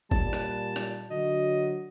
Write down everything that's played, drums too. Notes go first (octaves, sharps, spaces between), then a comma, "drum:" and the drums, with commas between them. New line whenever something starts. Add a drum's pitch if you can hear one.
A#2 G3 A5, drum: kick
drum: rim click
drum: rim click
D3 F#3 F#4 D#5